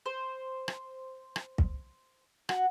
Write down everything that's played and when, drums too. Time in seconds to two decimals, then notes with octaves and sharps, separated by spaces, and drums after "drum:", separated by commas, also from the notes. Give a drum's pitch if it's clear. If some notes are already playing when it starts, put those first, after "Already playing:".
0.06 C5
0.68 drum: rim click
1.36 drum: rim click
1.58 drum: kick
2.49 F#4, drum: rim click